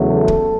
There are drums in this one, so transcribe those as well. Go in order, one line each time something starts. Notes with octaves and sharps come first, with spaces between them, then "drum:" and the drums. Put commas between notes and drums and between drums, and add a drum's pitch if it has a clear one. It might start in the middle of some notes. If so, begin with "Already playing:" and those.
Already playing: E2 C#3 F#3 A3
A4
drum: kick